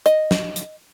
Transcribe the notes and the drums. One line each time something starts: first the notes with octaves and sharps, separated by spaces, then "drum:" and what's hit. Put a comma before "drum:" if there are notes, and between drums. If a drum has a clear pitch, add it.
D#5, drum: hi-hat
drum: snare
drum: hi-hat